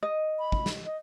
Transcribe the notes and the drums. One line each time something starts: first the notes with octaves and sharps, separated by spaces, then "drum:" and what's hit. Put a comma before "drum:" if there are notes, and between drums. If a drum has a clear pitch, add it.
D#5
B5
drum: kick
drum: snare
D#5